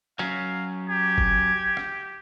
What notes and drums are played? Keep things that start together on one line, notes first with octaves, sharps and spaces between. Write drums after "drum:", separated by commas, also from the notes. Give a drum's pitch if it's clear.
F#3 C#4 F5, drum: rim click
G4 G#6
drum: kick G1
drum: rim click